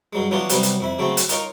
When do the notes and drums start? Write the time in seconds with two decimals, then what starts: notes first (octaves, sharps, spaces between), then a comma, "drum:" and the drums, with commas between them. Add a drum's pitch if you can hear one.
0.13 G2 F#3 G#3
0.31 E3 F#3 B3 C#4 D4 F4
0.49 C3 F#3 G3 B3, drum: hi-hat
0.63 drum: hi-hat
0.80 F2 E4 B5
0.99 C#3 F#3 A3 C4
1.17 drum: hi-hat
1.29 D#4 F4 A#4 C#5, drum: hi-hat